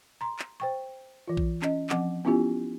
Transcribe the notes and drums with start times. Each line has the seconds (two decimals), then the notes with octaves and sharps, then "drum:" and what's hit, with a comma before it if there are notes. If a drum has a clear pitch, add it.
0.21 A#5 C6
0.39 drum: clap
0.60 C5 G5 C#6
1.27 E3 F4
1.37 drum: kick A#1
1.62 C#4 D#5, drum: clap
1.89 F3 C4 F#5 D6, drum: clap
2.25 B3 C#4 E4 F4 G4 G#5